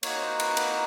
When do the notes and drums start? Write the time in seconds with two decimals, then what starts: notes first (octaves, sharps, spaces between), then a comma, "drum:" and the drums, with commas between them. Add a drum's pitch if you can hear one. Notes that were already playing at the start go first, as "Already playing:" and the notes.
0.03 A#3 D#4 F#4 C#5, drum: cymbal
0.21 C5
0.40 B4, drum: cymbal
0.57 B4, drum: cymbal